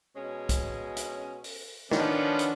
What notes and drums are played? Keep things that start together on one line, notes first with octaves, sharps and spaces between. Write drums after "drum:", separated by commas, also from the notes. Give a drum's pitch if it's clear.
B2 G#3 C#4
drum: kick B1, hi-hat
drum: hi-hat
drum: open hi-hat
D#3 F3 B3 C#4 D4, drum: snare
drum: hi-hat